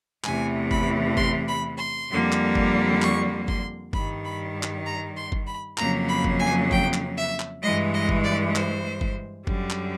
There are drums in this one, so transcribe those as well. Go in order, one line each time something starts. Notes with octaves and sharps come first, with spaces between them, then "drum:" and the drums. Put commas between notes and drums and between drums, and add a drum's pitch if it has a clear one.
E2 C3 E3 A3 G#5, drum: clap
B5, drum: kick G1
C6, drum: kick G1
B5
C6
F2 D3 G3 A#3
drum: clap
drum: kick G1
C#6, drum: clap
C6, drum: kick G1
G2 D#3 G3 B5, drum: kick G1
B5
drum: clap
A#5
C6
drum: kick G1
B5
F2 C#3 F#3 A#3 A#5, drum: clap
B5
drum: kick G1
G#5
G5, drum: kick G1
drum: clap
E5
drum: clap
G2 E3 G#3 D#5
D#5
drum: kick G1
D5
C5, drum: clap
drum: kick G1
F#2 D3 G3, drum: kick G1
drum: clap